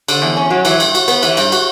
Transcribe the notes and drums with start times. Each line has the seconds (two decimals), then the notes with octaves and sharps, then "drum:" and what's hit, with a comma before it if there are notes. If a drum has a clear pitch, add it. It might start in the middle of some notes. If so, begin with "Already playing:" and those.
0.08 D3, drum: cymbal
0.22 E2
0.36 C#4
0.50 F#3
0.65 E3, drum: cymbal
0.80 G2, drum: cymbal
0.95 F#4, drum: cymbal
1.08 B3, drum: cymbal
1.23 E3, drum: cymbal
1.37 G2, drum: cymbal
1.52 F#4, drum: cymbal